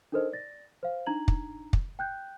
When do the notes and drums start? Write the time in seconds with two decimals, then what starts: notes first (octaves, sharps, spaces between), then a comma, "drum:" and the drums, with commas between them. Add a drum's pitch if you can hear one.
0.12 D4 D#4 A4 A#4 C5 D#5
0.33 D5 A6 A#6
0.83 C5 F5
1.06 D4 D#4 A#5 G#6 F#7
1.28 drum: kick
1.73 drum: kick
1.99 G5 F#6 G6